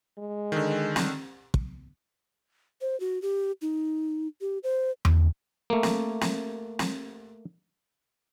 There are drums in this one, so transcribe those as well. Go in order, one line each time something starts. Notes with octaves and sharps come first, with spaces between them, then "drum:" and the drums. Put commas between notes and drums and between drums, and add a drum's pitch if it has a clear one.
G#3
D3 D#3
drum: snare
drum: kick
C5
F#4
G4
D#4
G4
C5
drum: tom E2
A3 A#3
drum: snare
drum: snare
drum: snare